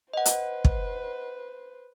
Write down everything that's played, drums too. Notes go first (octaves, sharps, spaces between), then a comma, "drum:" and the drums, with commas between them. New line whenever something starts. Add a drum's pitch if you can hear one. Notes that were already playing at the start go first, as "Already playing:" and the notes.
B4 C5 D#5 F#5
drum: hi-hat
drum: kick